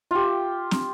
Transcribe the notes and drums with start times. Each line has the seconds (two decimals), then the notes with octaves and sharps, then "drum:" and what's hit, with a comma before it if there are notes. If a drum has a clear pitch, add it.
0.11 F4 G4
0.71 drum: snare